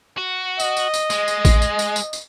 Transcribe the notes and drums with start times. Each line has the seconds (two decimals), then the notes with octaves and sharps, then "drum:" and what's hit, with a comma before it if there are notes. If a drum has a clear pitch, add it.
0.18 F#4
0.60 D#5, drum: tambourine
0.77 drum: tambourine
0.94 drum: tambourine
1.10 G#3, drum: tambourine
1.28 drum: tambourine
1.45 drum: kick A1, tambourine
1.62 drum: tambourine
1.79 drum: tambourine
1.96 drum: tambourine
2.13 drum: tambourine